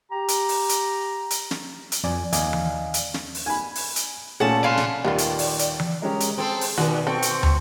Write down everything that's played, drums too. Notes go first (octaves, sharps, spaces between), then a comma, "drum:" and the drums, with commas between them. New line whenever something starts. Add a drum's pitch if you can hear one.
G4 A#5
drum: hi-hat
drum: open hi-hat
drum: hi-hat
drum: hi-hat
drum: snare
drum: hi-hat
F2 D5 G#5
D#2 D5 D#5 F5 G#5, drum: hi-hat
drum: tom E3
drum: hi-hat
drum: snare
drum: open hi-hat
G#5 B5
drum: open hi-hat
drum: hi-hat
A#2 A3 C#4 G#4 F#5 A5
D5 F5 G#5 B5 C6
drum: snare
D#2 A#2 D#3 G3 B3 F4 D5
drum: hi-hat
drum: open hi-hat
drum: hi-hat
drum: tom E3
G#3 C#4 G4 A#4
drum: hi-hat
C4 G#4 A4 C5
drum: open hi-hat
B2 D#3 F#4 D5
C4 A4 C#6
drum: hi-hat
drum: tom